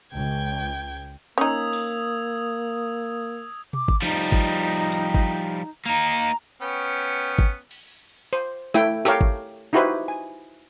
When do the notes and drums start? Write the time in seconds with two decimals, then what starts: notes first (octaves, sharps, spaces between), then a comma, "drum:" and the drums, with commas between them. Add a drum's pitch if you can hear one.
0.13 C#2 G5 G#6
1.38 A#3 C#4 D#4 D#6 E6 G#6
1.73 drum: open hi-hat
3.73 D6, drum: tom B2
3.88 drum: kick G#1
4.02 F3 G3 D#4, drum: hi-hat
4.32 drum: kick G#1
4.92 drum: hi-hat
5.15 drum: kick G#1
5.86 A#3 D#4 A#5, drum: hi-hat
6.62 B3 C#4 G5
7.39 drum: kick G#1
7.71 drum: cymbal
8.33 C5
8.74 A3 E4 G5, drum: snare
9.05 G4 A4 A#4 C#5 F5 G5, drum: snare
9.21 drum: kick G#1
9.73 D#4 E4 F#4 G4 B4 C5
10.08 G#5